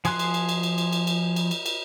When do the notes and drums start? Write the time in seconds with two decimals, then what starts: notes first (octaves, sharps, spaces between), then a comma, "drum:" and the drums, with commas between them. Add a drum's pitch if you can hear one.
0.05 F3 G#4 G#5 C6 F#6, drum: cymbal
0.19 drum: cymbal
0.34 drum: cymbal
0.49 drum: cymbal
0.63 drum: cymbal
0.78 drum: cymbal
0.93 drum: cymbal
1.07 drum: cymbal
1.36 drum: cymbal
1.51 drum: cymbal
1.66 drum: cymbal